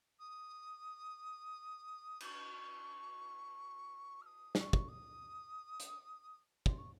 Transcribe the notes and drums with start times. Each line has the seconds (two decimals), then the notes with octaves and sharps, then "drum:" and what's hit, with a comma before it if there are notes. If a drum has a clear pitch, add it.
0.19 D#6
2.20 D#6, drum: cymbal
2.24 C#6
4.21 F6
4.25 D#6
4.55 D#6, drum: snare
4.60 C#6
4.73 drum: kick
4.88 D#6
5.80 drum: hi-hat
6.66 C6, drum: kick
6.78 C#6